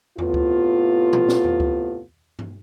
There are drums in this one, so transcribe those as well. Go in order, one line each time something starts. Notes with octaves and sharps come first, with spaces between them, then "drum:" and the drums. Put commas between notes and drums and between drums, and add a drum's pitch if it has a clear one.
A2 C3 B3 F4, drum: tom E2
drum: kick C#2
drum: tom A#2
drum: snare
drum: tom E2
drum: kick C#2
drum: tom G2